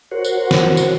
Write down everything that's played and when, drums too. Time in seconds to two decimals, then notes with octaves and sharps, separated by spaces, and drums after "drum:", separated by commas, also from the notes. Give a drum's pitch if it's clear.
0.11 F#4 A#4 C5 C#5 F#5
0.25 drum: tambourine
0.51 drum: snare
0.77 drum: tambourine